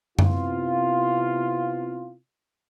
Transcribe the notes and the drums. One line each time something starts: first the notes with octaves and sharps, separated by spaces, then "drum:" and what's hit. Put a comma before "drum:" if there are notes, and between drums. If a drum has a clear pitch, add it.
C3 B3 C4 E4 F4, drum: tom F#2